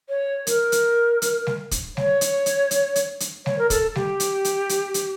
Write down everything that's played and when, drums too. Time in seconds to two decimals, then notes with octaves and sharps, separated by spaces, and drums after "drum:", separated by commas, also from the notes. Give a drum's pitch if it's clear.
0.09 C#5
0.47 A#4, drum: hi-hat
0.72 drum: hi-hat
1.22 drum: hi-hat
1.47 drum: snare G3
1.71 drum: kick, hi-hat
1.97 C#5, drum: snare G3
2.21 drum: hi-hat
2.46 drum: hi-hat
2.71 drum: hi-hat
2.96 drum: hi-hat
3.20 drum: hi-hat
3.46 C#5, drum: snare G3
3.59 A#4
3.70 A4, drum: kick, hi-hat
3.95 G4, drum: snare G3
4.20 drum: hi-hat
4.45 drum: hi-hat
4.69 drum: hi-hat
4.94 drum: hi-hat